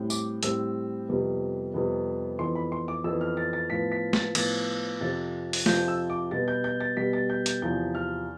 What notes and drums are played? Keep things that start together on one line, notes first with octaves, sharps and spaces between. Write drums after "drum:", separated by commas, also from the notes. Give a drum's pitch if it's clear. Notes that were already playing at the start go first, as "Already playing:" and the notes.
Already playing: A2 G3 C4
D6, drum: tambourine
A2 G3 C4 E6, drum: hi-hat
F2 C3 G3 B3
F2 C3 G3 B3
F2 E3 B3 C6
B5
C6
D6
F2 E3 B3 E6
F6
A6
A6
A2 F3 B3 B6
B6
A6, drum: snare
A2 F3 B3 A6, drum: cymbal
F2 C3 F3 C4 A6
drum: open hi-hat
F2 C3 F3 C4 G6, drum: snare
E6
D6
B2 G3 B3 A6
G6
G6
A6
B2 G3 B3 B6
A6
G6
G6, drum: hi-hat
E2 C3 F3 G6
F6